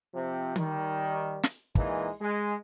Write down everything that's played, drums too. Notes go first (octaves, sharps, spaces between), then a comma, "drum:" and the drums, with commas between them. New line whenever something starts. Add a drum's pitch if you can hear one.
C3 F3 C4
D#3 G3, drum: tom D#3
drum: snare
A#2 E3 G#3 D#4, drum: kick
G#3